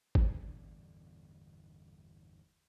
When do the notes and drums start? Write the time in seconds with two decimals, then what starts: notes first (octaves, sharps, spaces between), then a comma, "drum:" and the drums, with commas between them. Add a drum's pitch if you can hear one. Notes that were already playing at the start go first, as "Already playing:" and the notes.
0.15 G1 E2 A2 D3, drum: kick